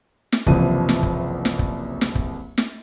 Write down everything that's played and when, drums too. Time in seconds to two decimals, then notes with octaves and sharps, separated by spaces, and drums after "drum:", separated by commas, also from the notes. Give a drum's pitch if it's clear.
0.32 drum: snare
0.46 F#1 C2 E3 F3 D#7, drum: kick
0.89 drum: snare
1.03 drum: kick
1.45 drum: snare
1.59 drum: kick
2.01 drum: snare
2.15 drum: kick
2.58 drum: snare